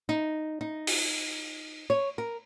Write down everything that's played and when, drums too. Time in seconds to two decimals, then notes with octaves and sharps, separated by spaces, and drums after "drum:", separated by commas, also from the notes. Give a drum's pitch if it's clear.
0.09 D#4
0.61 D#4
0.87 drum: open hi-hat
1.90 C#5
2.18 A#4